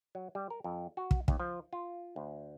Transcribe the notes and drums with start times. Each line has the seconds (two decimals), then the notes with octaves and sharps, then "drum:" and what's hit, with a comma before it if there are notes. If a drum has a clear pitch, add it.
0.15 F#3
0.35 G3
0.50 A#4
0.64 F2
0.97 F#4
1.11 drum: kick
1.28 D#2, drum: kick
1.40 F3
1.73 F4
2.16 D2